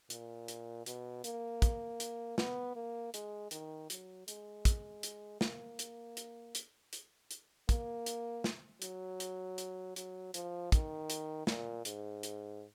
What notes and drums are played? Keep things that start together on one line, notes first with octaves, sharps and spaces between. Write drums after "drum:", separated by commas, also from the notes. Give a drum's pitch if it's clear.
A#2, drum: hi-hat
drum: hi-hat
B2, drum: hi-hat
A#3, drum: hi-hat
drum: kick, hi-hat
drum: hi-hat
B3, drum: snare
A#3
G#3, drum: hi-hat
D#3, drum: hi-hat
F#3, drum: hi-hat
G#3, drum: hi-hat
drum: kick, hi-hat
drum: hi-hat
A#3, drum: snare
drum: hi-hat
drum: hi-hat
drum: hi-hat
drum: hi-hat
drum: hi-hat
A#3, drum: kick, hi-hat
drum: hi-hat
drum: snare
F#3, drum: hi-hat
drum: hi-hat
drum: hi-hat
F#3, drum: hi-hat
F3, drum: hi-hat
D#3, drum: kick, hi-hat
drum: hi-hat
A#2, drum: snare
G#2, drum: hi-hat
drum: hi-hat